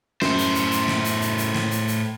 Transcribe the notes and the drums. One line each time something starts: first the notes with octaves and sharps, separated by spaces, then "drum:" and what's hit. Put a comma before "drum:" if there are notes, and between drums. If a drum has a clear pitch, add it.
F#2 A2 C5, drum: snare
drum: hi-hat
drum: hi-hat
drum: hi-hat
drum: snare
drum: hi-hat
drum: hi-hat
drum: hi-hat
drum: snare
drum: hi-hat
drum: hi-hat